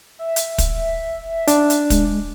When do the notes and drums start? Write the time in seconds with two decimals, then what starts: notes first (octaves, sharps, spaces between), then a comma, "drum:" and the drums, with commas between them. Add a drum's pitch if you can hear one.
0.19 E5
0.36 drum: hi-hat
0.58 drum: kick, hi-hat
1.48 D4, drum: hi-hat
1.70 drum: hi-hat
1.90 G#3, drum: kick, hi-hat